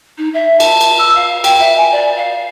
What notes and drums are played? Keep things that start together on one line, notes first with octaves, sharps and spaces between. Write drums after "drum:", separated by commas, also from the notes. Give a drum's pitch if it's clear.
D#4
E5
A5, drum: cymbal
drum: cymbal
E6
F5
G5, drum: cymbal
E5
G#5
D5
F5